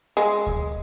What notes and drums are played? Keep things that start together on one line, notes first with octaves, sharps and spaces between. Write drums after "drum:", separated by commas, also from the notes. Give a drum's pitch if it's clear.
G#3
drum: kick D2